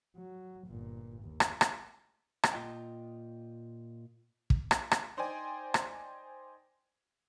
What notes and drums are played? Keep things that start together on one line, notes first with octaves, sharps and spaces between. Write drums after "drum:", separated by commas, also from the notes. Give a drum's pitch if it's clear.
F#3
G1 A#2
D#2
drum: rim click
drum: rim click
drum: rim click
A#2 F4 D#5 G5
drum: kick
drum: rim click
drum: rim click
D#4 C5 D5 G5 G#5
drum: rim click